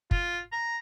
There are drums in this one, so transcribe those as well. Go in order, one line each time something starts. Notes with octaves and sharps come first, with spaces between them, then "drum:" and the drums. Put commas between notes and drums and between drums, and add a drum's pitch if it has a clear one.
F4, drum: kick
A#5